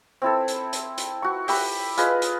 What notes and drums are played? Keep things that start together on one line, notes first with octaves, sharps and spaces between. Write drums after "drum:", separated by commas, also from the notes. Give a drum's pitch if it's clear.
C4 E4 A4
drum: hi-hat
drum: hi-hat
drum: hi-hat
F#4 C#6
G4 E5 B5, drum: open hi-hat
F4 G#4 B4 D#5, drum: hi-hat
drum: hi-hat